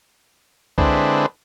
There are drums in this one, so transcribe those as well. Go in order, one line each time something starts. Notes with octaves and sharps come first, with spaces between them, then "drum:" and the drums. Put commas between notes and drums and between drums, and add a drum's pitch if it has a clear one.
D3 G#3 C4 D4 E4 B4, drum: kick C2